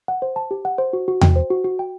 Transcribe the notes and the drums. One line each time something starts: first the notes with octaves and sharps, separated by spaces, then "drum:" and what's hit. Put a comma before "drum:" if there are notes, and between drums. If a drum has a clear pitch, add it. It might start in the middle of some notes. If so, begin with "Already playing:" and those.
F#5
C5
A5
G4
F#5
C5
F#4
F#4
G5, drum: tom E2
C5
F#4
F#4
G5